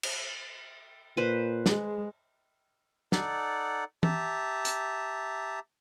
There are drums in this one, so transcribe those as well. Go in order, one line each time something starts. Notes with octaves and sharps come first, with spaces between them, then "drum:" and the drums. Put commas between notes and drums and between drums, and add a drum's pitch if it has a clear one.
drum: cymbal
A#2 B4 C5
G#3 G#4, drum: snare
D#4 A4 D5 F#5, drum: snare
G4 E5 A5 A#5, drum: tom E3
drum: hi-hat